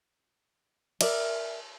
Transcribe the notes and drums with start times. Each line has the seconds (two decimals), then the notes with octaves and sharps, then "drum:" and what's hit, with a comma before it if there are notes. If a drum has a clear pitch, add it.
1.01 A#4 D5 E5, drum: cymbal